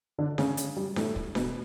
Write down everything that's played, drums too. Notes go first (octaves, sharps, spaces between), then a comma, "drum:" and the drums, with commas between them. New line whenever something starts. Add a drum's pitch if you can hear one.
D3 D4
C#3 C#4, drum: snare D4
drum: hi-hat
G3
A2 A3, drum: snare D4
drum: kick
B2 B3, drum: snare D4